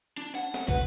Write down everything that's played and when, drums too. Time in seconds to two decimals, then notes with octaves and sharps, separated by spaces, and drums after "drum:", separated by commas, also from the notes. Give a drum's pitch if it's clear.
0.18 D4
0.35 F#5
0.54 drum: snare
0.68 B4, drum: kick